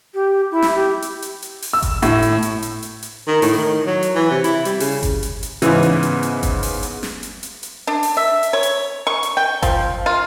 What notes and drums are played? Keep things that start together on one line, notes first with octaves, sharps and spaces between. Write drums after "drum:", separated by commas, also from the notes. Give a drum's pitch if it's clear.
G4
E4
drum: snare
G4
drum: hi-hat
drum: hi-hat
drum: hi-hat
drum: open hi-hat
E6
drum: kick G1, hi-hat
A2, drum: hi-hat
drum: hi-hat
drum: hi-hat
drum: hi-hat
drum: hi-hat
drum: hi-hat
D#3
A2, drum: open hi-hat
D#3
F#3
drum: hi-hat
E3
C3
E4, drum: hi-hat
G3, drum: hi-hat
C#3, drum: open hi-hat
drum: kick G1, hi-hat
drum: hi-hat
drum: hi-hat
G#2 C#3 E3 B3, drum: hi-hat
drum: hi-hat
drum: hi-hat
drum: hi-hat
drum: kick G1, hi-hat
drum: open hi-hat
drum: hi-hat
drum: snare
drum: hi-hat
drum: hi-hat
drum: hi-hat
D4
drum: open hi-hat
E5
drum: hi-hat
C#5
drum: hi-hat
C#6
drum: hi-hat
G5
F3, drum: kick G1, hi-hat
F4